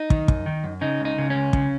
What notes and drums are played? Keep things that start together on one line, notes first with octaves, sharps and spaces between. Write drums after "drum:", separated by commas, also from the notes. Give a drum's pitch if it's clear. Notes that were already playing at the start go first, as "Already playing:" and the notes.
Already playing: D#4
D#3, drum: kick
F#2, drum: kick
D#3
F#2
C#3 D#4
C#2 D#4
C#3
C#2 C#4
C#3, drum: kick